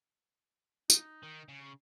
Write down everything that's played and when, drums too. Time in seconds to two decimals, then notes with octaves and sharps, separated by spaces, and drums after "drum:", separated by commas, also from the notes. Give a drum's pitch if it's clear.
0.90 D#4, drum: tambourine
1.23 D#3
1.49 C#3